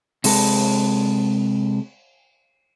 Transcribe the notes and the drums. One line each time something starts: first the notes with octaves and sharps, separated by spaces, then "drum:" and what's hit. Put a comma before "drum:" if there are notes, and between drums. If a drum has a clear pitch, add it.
C3 G#3 A4 B4, drum: open hi-hat